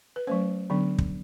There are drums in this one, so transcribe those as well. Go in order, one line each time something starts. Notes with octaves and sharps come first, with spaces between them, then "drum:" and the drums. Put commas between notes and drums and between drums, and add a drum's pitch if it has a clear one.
B4
F#3 A3 C#4 C5
D3 F#3 B3 D4
drum: kick